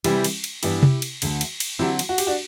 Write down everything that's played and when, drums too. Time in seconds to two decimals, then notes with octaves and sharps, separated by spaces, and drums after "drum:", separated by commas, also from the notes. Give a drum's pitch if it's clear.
0.04 C3 E3 G3 E4 G4, drum: cymbal
0.24 drum: cymbal
0.44 drum: cymbal
0.63 G2 E3 B3 D4 E4 G4, drum: cymbal
0.83 drum: tom C3
1.02 drum: cymbal
1.22 D2 D3 A3, drum: cymbal
1.41 drum: cymbal
1.60 drum: cymbal
1.79 D3 F#3 C4 E4 G4
1.99 drum: cymbal
2.09 F#4
2.18 G4, drum: cymbal
2.27 D4 F#4